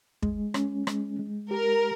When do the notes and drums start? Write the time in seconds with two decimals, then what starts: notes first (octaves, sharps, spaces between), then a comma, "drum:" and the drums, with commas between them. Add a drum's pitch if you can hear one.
0.23 G#3, drum: kick
0.54 C#4, drum: rim click
0.87 G#3, drum: rim click
1.19 G#3
1.51 G4 A#4